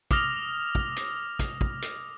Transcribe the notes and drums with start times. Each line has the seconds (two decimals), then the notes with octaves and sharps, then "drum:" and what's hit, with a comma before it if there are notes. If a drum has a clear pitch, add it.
0.11 D6 D#6 F6 A#6 F7, drum: kick, hi-hat
0.75 drum: kick
0.96 drum: hi-hat
1.39 drum: kick, hi-hat
1.61 drum: kick
1.82 drum: hi-hat